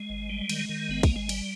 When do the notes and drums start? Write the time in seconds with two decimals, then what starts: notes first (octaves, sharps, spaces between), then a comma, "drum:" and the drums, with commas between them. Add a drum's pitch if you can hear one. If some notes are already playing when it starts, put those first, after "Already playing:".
Already playing: G#3
0.09 G#1
0.30 G3
0.49 D#3, drum: cymbal
0.69 D#3
0.89 G#1 B3
1.03 A#3, drum: kick, cymbal
1.09 G#1
1.16 G#3
1.29 G3, drum: cymbal